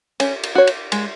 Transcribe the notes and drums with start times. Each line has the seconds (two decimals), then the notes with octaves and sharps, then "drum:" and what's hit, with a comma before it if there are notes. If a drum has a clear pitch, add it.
0.20 C#4, drum: cymbal
0.43 drum: cymbal
0.55 F#4 C#5
0.67 drum: cymbal
0.92 G#3, drum: cymbal